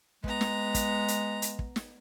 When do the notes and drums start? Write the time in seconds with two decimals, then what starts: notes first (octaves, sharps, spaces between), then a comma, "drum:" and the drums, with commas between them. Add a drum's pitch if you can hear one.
0.24 G#3 B3 A#5, drum: kick
0.41 drum: snare
0.74 drum: kick, hi-hat
1.08 drum: hi-hat
1.42 drum: hi-hat
1.59 drum: kick
1.76 drum: snare